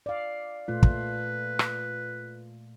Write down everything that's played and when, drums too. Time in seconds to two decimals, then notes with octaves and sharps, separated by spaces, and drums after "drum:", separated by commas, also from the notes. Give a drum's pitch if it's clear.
0.06 D5 F5
0.68 A#2 A3 F4 B4
0.83 drum: kick
1.59 drum: rim click